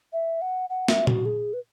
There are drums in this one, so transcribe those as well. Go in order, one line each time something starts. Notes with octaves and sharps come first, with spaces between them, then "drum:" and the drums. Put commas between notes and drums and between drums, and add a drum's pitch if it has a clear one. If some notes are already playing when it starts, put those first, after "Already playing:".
E5
F#5
F#5
E5, drum: snare
F#4, drum: tom
G#4
B4